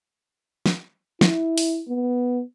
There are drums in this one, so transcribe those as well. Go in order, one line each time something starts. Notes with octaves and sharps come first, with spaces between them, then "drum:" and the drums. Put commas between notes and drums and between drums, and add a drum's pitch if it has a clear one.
drum: snare
E4, drum: snare
drum: open hi-hat
B3